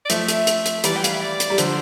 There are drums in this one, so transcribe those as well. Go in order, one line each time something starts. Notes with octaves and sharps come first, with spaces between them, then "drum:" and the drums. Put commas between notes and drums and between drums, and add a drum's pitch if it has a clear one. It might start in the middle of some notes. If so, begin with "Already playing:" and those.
D5
F3 A3 E5, drum: hi-hat
drum: hi-hat
drum: hi-hat
drum: hi-hat
E3 G3 D5, drum: hi-hat
G5
F5, drum: hi-hat
E5
D5
drum: hi-hat
G3
D3 F3 C5, drum: hi-hat